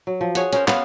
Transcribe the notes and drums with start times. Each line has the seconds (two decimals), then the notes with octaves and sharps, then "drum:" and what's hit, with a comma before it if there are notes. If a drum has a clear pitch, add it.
0.07 F#3
0.21 F3
0.35 G#4 C#5 F#5, drum: hi-hat
0.53 C#4 A#4 C5, drum: hi-hat
0.68 B3 C#4 F5 F#5, drum: clap